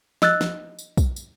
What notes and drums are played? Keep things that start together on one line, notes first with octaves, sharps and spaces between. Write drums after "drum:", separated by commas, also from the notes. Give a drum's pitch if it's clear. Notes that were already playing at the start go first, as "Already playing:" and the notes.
D#5 E6 F#6 A6, drum: snare
drum: snare
drum: tambourine
drum: kick, tambourine
drum: tambourine